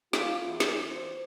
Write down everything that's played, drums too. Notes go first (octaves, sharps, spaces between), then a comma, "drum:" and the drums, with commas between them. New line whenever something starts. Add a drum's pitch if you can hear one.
F4, drum: snare
E2
drum: snare
C5